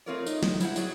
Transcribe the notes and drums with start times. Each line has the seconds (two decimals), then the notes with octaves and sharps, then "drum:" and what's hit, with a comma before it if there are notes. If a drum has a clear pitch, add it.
0.06 A3 C4 F4 A#4 C#5 D5
0.26 D#4, drum: tambourine
0.43 drum: snare
0.60 E4 C5 F5 F#5, drum: tambourine
0.76 F#3 G#4 D5, drum: tambourine